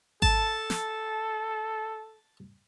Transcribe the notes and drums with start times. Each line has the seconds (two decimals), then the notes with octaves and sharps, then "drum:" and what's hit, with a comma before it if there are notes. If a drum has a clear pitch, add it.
0.22 A4 A5, drum: kick G#1
0.70 drum: snare